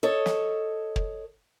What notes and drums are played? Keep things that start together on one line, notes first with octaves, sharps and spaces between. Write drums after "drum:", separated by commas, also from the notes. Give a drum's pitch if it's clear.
A4 C#5 D#5
drum: snare
drum: kick